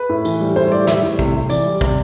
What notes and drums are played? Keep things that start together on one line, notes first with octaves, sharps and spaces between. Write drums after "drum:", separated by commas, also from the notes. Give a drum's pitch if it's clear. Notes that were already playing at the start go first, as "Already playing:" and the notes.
Already playing: B4
A2
E3, drum: tambourine
G3
A2 C5
G3 D5
G3 E5, drum: snare
A2
C3, drum: kick
C3
E3 D5, drum: tambourine
G3
C3, drum: kick